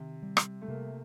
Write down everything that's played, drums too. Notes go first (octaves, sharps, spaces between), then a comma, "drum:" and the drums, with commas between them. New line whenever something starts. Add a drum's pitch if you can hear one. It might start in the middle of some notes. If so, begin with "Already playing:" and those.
Already playing: C3 D#3
G3
drum: rim click
A3
C3 A#3